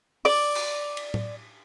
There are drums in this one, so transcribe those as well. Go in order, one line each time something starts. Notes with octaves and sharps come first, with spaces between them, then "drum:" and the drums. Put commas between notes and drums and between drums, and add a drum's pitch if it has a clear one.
D5 D6, drum: open hi-hat
drum: cymbal
drum: cymbal
drum: tom A2